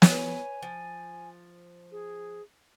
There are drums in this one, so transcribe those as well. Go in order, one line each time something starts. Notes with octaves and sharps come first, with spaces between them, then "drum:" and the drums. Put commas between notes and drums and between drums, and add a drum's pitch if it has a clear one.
B4 C#5 G#5, drum: snare
F3
G#4